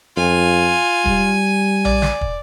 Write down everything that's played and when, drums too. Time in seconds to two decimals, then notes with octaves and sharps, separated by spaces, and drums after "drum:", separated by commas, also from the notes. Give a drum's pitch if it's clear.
0.17 F2 F4 G#5
1.06 G3, drum: kick
1.85 D5, drum: tom A#1
2.02 drum: snare
2.21 drum: kick